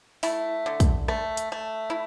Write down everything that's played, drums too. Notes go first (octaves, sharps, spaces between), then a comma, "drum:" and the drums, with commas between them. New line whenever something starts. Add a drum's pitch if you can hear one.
A3 E4, drum: open hi-hat
D3
drum: kick, hi-hat
A3, drum: rim click
drum: hi-hat
A3
E4